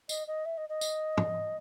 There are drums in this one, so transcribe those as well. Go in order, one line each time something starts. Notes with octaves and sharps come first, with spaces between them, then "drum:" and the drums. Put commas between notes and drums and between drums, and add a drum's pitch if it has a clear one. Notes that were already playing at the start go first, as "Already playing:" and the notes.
D#5, drum: tambourine
D#5
E5
D#5
D#5
drum: tambourine
drum: tom